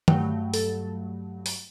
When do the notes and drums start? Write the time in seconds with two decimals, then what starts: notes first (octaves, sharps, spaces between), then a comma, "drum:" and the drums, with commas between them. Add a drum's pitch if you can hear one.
0.08 G2 F#3 A3 G5, drum: tom D#3
0.54 A4, drum: open hi-hat
1.46 drum: open hi-hat